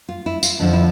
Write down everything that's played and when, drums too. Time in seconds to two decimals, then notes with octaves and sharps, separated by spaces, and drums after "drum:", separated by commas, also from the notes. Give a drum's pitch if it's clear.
0.09 F4
0.26 E4
0.43 F4, drum: tambourine
0.60 F2 D3 F3 D4
0.73 E4